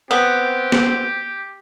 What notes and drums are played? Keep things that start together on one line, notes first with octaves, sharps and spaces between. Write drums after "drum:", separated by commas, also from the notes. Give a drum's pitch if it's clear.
B3 C4 G4
drum: snare